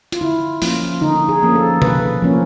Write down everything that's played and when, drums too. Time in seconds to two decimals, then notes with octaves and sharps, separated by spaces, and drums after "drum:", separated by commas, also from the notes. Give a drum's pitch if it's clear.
0.12 F4, drum: hi-hat
0.21 D3 E4
0.62 F3 A#3 C#4 F4, drum: open hi-hat
1.01 D3 D#4
1.29 G#4
1.42 F3 A#3 C#4
1.56 A4
1.82 D3 B4, drum: tom B2
2.22 F3 A#3 C#4